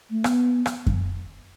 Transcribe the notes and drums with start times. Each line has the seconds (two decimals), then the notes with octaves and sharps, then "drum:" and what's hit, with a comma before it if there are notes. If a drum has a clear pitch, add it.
0.11 A3
0.24 B3, drum: rim click
0.66 drum: rim click
0.87 drum: kick F#2